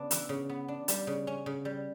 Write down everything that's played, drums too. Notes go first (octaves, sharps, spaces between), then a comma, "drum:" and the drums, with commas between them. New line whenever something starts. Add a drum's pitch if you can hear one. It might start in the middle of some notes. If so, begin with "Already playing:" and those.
Already playing: C#3 B3 D4
E3, drum: hi-hat
C#3
B3
D4
G3, drum: hi-hat
C#3
C#4
C#3
G3